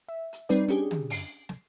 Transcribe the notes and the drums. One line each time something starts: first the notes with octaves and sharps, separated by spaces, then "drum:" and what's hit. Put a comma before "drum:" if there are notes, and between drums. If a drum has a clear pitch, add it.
E5
drum: hi-hat
G3 C4 D#4 B4 D5, drum: hi-hat
C#4 D4 G4 G#4, drum: hi-hat
drum: tom
C7 D7, drum: open hi-hat
drum: snare